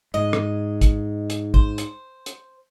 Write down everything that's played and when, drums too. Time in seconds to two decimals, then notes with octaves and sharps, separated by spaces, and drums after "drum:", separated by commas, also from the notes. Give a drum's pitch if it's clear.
0.14 G#2 D#5
0.33 drum: rim click
0.81 drum: kick, hi-hat
1.30 drum: hi-hat
1.54 C5, drum: kick
1.78 drum: hi-hat
2.26 drum: hi-hat